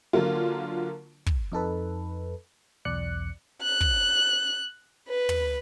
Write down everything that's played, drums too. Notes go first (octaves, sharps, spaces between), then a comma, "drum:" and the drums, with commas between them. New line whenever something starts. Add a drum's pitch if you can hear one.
D3 F#3 A#3 F4
drum: kick
F2 D#4 A4 B4
B1 E2 D5 F#6 C#7
F#6
drum: kick
B4
drum: tom